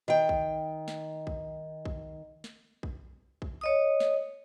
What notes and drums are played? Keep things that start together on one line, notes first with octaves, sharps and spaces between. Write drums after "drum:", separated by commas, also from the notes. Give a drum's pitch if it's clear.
D#3 G5
drum: kick
drum: snare
drum: kick
drum: kick
drum: snare
drum: kick
drum: kick
C#5 D#5 D#6
drum: snare